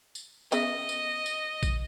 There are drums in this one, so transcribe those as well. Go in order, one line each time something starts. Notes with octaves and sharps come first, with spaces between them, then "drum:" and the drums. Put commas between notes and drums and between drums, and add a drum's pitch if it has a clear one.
drum: tambourine
C#3 B3 D#5 E5, drum: tambourine
drum: tambourine
drum: tambourine
drum: kick A#1, tambourine